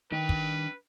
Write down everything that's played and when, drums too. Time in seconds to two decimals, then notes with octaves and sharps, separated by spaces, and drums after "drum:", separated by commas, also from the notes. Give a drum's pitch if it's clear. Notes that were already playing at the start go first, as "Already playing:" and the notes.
0.12 D#3 D4 B4 G5
0.29 drum: kick